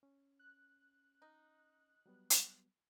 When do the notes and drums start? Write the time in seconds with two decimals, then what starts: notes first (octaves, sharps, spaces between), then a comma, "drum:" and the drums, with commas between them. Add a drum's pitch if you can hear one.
0.03 C#4
0.39 F#6
1.22 D#4
2.06 F#3 G3 B3
2.30 drum: hi-hat